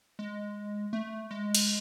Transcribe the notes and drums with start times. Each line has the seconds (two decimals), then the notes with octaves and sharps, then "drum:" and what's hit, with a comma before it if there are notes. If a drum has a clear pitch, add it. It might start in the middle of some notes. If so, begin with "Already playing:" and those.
0.19 G#3
0.93 A3
1.31 G#3
1.55 drum: cymbal